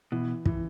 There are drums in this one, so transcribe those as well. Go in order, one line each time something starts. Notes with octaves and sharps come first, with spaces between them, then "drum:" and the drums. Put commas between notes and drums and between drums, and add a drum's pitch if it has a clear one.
B2 E3
E3, drum: kick